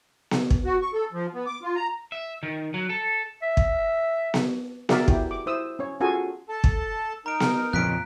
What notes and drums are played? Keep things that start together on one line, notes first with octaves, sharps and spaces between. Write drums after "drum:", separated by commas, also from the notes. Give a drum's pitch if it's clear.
drum: snare B3
drum: kick
F#4
C#6
A4
F3
B3
D6
F4
A#5
E5
D#3
F#3
A4
E5
drum: kick
drum: snare B3
F#4 G#4 A#4 D5 E5 F5, drum: snare B3
E4 G4, drum: kick
D6
E4 C5 D#6 E6
C#4 C#5
C#4 F4 F#4 G#4 A4 G#5
A4 A5
drum: kick
D#4 A#4 A#5 D7
drum: snare B3
F2 A#2 C#3 F#6 B6 D7